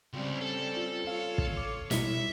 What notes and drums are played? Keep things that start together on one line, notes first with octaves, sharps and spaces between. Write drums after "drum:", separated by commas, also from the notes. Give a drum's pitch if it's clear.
C#2 G3 C4 C#4
A4
F4
F4 C#5 F5
drum: kick
A4 D6
B2 G3 E4 E5, drum: snare